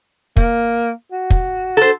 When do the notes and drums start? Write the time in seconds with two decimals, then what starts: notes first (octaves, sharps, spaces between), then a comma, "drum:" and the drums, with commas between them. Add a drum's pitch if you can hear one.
0.37 A#3, drum: kick
1.12 F#4
1.30 drum: kick
1.77 A4 C5